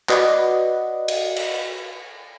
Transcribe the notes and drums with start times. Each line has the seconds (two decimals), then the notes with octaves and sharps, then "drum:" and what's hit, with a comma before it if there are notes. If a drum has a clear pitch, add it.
0.09 F#4 B4 D5 D#5 F#5, drum: clap
1.08 drum: cymbal
1.36 drum: cymbal